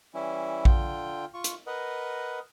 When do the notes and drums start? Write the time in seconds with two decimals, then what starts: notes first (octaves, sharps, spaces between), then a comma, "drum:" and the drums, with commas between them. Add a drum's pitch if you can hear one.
0.14 E3 G3 C#4 E4
0.65 D3 F4 G5, drum: kick A#1
1.34 F4 C#6
1.44 drum: hi-hat
1.67 A#4 B4 D#5 F#5